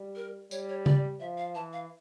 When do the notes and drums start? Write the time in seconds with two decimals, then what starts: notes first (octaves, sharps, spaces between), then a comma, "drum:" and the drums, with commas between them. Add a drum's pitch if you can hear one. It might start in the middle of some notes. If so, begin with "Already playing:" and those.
Already playing: G3
0.16 A#4
0.51 G3 C#5, drum: tambourine
0.69 C#5
0.86 D5, drum: tom
1.20 F3 E5
1.37 F5
1.55 E3 A5
1.73 F5